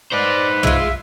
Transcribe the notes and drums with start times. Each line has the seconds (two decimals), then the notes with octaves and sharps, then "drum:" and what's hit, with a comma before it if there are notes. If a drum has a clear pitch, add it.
0.13 D#4 B4 C5 D5
0.63 G#3 F4 E5, drum: tom